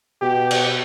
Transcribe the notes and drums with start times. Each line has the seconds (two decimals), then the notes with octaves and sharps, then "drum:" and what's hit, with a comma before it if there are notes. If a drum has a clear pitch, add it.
0.22 B2 G4
0.51 drum: cymbal